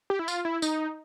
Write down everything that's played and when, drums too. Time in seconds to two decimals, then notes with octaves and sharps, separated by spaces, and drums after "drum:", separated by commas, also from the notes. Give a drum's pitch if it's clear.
0.10 G4
0.19 E4
0.28 F4, drum: tambourine
0.45 E4
0.62 D#4, drum: tambourine